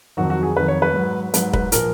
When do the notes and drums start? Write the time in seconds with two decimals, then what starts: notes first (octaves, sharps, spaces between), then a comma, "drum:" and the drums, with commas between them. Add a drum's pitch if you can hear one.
0.17 F2 D#3 F#3 F#4
0.30 F#4
0.43 G#4
0.56 F2 D#3 F#3 B4
0.68 C#5
0.82 B4
0.94 G#2 F#3
1.34 G#2 F#3 B4, drum: hi-hat
1.53 B4, drum: kick
1.72 A#2 F3 A#4, drum: hi-hat